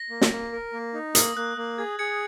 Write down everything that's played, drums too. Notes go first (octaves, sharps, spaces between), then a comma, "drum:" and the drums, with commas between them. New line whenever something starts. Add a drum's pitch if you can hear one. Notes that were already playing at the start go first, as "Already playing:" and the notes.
Already playing: A#6
A#3
drum: snare
A#3
A#4
A#3
D#4
A#3 D#6, drum: hi-hat
A#3 F#6
A#3 F#6
G#4 G#6
G#4 G#6 C#7